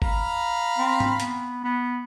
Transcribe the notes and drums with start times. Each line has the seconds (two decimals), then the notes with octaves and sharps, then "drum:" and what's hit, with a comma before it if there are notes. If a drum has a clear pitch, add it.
0.02 F5 A#5 B5, drum: kick G#1
0.79 C4
1.00 drum: tom G#2
1.20 B3, drum: hi-hat
1.64 B3